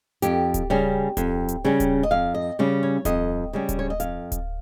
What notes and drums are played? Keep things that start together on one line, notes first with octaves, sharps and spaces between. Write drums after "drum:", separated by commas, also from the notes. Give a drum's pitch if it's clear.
F2 G4, drum: hi-hat
drum: kick D1, hi-hat
C#3 G3 C#4
F2, drum: kick D1, hi-hat
drum: hi-hat
C#3 G3 C#4
drum: kick D1, hi-hat
D#5
F2 F5
D#5
C#3 G3 C#4
C#5
F2 D#5, drum: kick D1, hi-hat
C#3 G3 C#4
drum: kick D1, hi-hat
C#5
D#5
F2 F5, drum: hi-hat
drum: kick D1, hi-hat